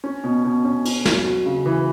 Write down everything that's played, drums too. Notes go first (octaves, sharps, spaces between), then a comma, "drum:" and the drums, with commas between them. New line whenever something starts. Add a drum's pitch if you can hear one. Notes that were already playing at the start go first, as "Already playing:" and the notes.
C#4
B2
B2
C#4
C#4, drum: cymbal
F#3, drum: snare
F#4
C#3
E3